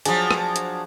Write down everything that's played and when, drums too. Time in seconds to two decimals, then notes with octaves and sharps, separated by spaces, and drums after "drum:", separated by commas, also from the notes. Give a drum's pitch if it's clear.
0.05 F3 F#3 D4 G#4 G#5, drum: hi-hat
0.31 drum: rim click
0.56 drum: hi-hat